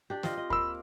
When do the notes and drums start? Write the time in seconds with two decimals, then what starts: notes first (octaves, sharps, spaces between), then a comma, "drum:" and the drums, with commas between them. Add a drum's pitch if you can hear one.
0.10 D4 G4
0.23 C4 F4 D#5, drum: snare
0.37 D#5
0.50 A#3 B5 E6, drum: kick D2